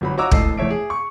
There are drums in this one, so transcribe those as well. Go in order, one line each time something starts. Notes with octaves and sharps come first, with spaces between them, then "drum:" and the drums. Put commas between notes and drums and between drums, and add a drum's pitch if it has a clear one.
G1 F#3 B5
F#4 C#5 D#5 A#5 D6 E6
E1 A2 A4 D#5 C7, drum: kick
E2 A3 C#5 E5 D7
G#4
C#6